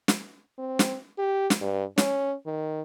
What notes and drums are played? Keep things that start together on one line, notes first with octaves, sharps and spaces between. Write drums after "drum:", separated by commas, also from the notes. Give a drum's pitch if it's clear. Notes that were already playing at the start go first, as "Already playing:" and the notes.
drum: snare
C4
drum: snare
G4
drum: snare
G2
C#4, drum: snare
D#3